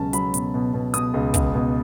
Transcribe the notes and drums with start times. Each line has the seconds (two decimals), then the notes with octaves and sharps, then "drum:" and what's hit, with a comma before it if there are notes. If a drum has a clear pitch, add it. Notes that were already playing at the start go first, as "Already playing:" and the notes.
Already playing: C#2 B2 F#3 C#4 A5
0.13 F#3 B5, drum: hi-hat
0.34 B2, drum: hi-hat
0.54 B2
0.73 B2
0.94 B2 D#6, drum: hi-hat
1.14 C#2
1.34 C#2, drum: kick, hi-hat
1.54 B2